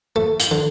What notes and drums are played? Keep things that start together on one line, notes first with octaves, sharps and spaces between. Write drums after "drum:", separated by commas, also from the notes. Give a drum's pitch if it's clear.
A3
drum: hi-hat
D3